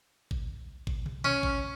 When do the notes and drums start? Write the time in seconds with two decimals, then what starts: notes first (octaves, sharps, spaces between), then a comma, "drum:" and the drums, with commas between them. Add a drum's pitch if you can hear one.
0.31 drum: kick
0.87 drum: kick
1.06 drum: tom B2
1.24 C#4
1.43 drum: kick